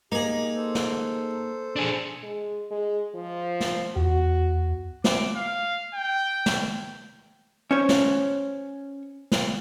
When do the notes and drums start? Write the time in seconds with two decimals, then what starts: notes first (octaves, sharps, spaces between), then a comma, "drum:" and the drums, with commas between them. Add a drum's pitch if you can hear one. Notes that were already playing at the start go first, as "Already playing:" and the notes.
0.12 A#3 D#4 G4 G#4
0.55 A4 C5
0.75 drum: snare
1.76 D4 G#4
2.23 G#3
2.71 G#3
3.15 F3
3.60 drum: snare
3.96 E2 F#4
5.04 D6, drum: snare
5.36 F5
5.94 G5
6.46 drum: snare
7.71 C#4 C5 C#5
7.89 drum: snare
9.32 drum: snare